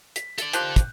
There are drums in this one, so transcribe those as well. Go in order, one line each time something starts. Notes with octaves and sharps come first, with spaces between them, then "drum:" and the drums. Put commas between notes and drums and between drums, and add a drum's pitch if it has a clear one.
B6, drum: hi-hat
A4 D5, drum: hi-hat
D#3 F3 G4 F#6 G6, drum: hi-hat
drum: kick, hi-hat